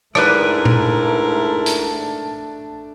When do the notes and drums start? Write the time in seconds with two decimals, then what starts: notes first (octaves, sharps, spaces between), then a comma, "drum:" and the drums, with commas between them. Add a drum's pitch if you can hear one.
0.15 G#2 A3 D4 E4 A#4 B4 D5, drum: rim click
0.65 drum: tom A#2
1.66 drum: hi-hat